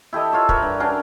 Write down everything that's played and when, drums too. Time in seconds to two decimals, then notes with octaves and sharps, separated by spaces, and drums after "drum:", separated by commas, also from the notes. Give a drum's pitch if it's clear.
0.13 E4 G4 A4 D#5
0.32 F4 C#5 E5
0.49 A#4 B4 C#5 E5, drum: kick
0.62 G2
0.80 C#4 D4 F#4 A#4